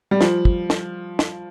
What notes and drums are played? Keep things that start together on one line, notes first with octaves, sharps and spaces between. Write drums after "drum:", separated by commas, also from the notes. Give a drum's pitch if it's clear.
G3
F3, drum: snare
drum: kick
drum: snare
drum: snare